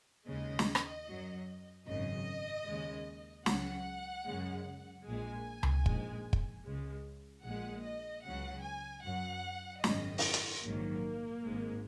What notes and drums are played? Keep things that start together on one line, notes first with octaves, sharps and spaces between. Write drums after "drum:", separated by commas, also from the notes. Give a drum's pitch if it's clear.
D#2 C#3 G#3 D#5
drum: snare
drum: rim click
F#2 F#3
G#1 F#2 C#3 D#5
D#2 C#3 G#3
C#2 C#3 F#3 F#5, drum: snare
F#2 C#3 G#3
A#1 A#2 G#3 G#5
drum: tom C#2
A#1 G#2 G#3, drum: kick
drum: kick
C#2 C#3 G#3
A#1 A#2 G#3 F#5
D#5
C#2 C#3 F#3 F#5
G#5
F#2 F#3 F#5
G#1 F#2 C#3 D#5, drum: snare
drum: open hi-hat
drum: hi-hat
A#1 G#2 D#3 F#3 A#3
G#1 G#2 G#3